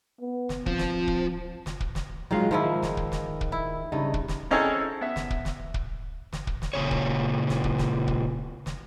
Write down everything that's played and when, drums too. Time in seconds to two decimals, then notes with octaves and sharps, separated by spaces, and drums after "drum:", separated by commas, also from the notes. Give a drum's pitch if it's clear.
0.20 B3
0.49 drum: snare
0.66 F3 C4, drum: kick
0.78 drum: snare
1.08 drum: kick
1.66 drum: snare
1.80 drum: kick
1.95 drum: snare
2.31 D#3 F#3 G#3 F4 F5
2.51 G#2 D#3 F3 E4
2.83 drum: snare
2.97 drum: kick
3.12 drum: snare
3.41 drum: kick
3.52 E4
3.92 G2 C#3 D#4
4.14 drum: kick
4.28 drum: snare
4.51 C4 C#4 D#4 E4 G#4 A4
5.01 B3 E5
5.16 drum: snare
5.30 drum: kick
5.45 drum: snare
5.74 drum: kick
6.33 drum: snare
6.47 drum: kick
6.62 drum: snare
6.74 A#2 C#3 C#5
6.91 drum: kick
7.49 drum: snare
7.64 drum: kick
7.78 drum: snare
8.08 drum: kick
8.66 drum: snare